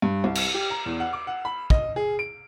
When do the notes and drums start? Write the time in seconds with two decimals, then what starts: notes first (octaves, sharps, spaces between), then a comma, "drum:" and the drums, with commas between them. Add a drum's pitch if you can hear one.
0.02 G2
0.24 C2
0.35 drum: cymbal
0.54 G4
0.70 A#5
0.86 E2
1.00 F#5
1.13 D6
1.27 F#5
1.45 B5
1.70 D#5, drum: kick
1.96 G#4
2.19 D7